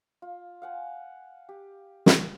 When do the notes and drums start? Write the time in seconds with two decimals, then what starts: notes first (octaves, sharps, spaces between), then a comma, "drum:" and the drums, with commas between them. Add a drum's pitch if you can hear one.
0.22 F4
0.62 F5 F#5 G#5
1.49 G4
2.06 drum: snare